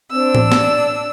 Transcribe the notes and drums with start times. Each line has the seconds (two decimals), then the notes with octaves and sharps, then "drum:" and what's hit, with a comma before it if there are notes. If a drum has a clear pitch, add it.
0.11 C4 D4 E6
0.35 drum: tom A2
0.52 D5, drum: snare